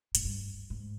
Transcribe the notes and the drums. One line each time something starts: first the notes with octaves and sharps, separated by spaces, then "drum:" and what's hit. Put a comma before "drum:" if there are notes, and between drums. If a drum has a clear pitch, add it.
G#2, drum: hi-hat
G2
G#2